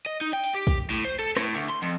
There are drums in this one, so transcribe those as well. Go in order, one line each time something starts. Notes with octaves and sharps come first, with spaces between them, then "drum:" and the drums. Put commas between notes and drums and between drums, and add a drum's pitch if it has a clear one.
D#5
D#4
G5
drum: open hi-hat
G4
drum: kick, open hi-hat
A2, drum: hi-hat
C5
A4
A2, drum: rim click
D2
C6
F2, drum: hi-hat